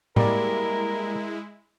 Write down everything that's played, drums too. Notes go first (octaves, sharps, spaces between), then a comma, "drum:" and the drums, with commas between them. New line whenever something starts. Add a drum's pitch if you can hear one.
G3 G#3 A#3 E4 A#4 D5, drum: tom A2